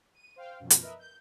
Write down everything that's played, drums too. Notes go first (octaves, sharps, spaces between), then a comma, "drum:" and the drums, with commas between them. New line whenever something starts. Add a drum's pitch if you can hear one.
D#7
C5 F5 G5
F#2 B2 F3
drum: hi-hat
A#4 B4 D#5 E5
G6